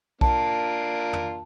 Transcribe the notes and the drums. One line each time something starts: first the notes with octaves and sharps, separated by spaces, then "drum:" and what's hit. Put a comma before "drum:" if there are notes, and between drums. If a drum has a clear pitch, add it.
A#3 D4 F4 A5, drum: kick B1
drum: tom